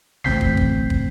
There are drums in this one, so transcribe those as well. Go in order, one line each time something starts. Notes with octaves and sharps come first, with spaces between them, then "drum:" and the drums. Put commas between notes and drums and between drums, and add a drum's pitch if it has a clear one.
A1 D2 C4 G6 B6 C7, drum: snare
drum: kick
drum: kick
drum: kick